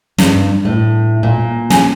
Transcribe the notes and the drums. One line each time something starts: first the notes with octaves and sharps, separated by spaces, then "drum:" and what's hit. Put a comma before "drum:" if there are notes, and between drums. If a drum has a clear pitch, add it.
G2, drum: snare
A2
A#2
G#5, drum: snare